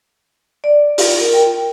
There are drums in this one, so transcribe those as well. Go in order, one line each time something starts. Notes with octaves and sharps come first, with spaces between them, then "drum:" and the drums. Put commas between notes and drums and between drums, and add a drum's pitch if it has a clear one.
D5
F4, drum: open hi-hat
A#4
G5